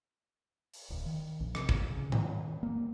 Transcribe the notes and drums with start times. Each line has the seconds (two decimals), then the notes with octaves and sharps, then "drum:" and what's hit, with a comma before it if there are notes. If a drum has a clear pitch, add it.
0.74 drum: open hi-hat
0.90 D1
1.06 D#3
1.40 A#1
1.55 C3, drum: rim click
1.69 drum: kick
1.90 C#3
2.12 D#3, drum: tom G#2
2.63 A#3